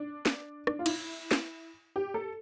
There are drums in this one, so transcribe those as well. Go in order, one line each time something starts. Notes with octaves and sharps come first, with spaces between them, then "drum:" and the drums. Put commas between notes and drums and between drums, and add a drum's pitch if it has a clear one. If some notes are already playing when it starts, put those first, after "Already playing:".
Already playing: D4
drum: snare
D4, drum: rim click
F4
E4, drum: cymbal
drum: snare
G4
A4